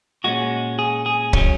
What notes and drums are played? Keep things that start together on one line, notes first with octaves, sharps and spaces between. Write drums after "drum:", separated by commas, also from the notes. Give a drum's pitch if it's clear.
A#2 G#3 C#4 F#4
G#4
G#4
F#3 C#4, drum: kick C#1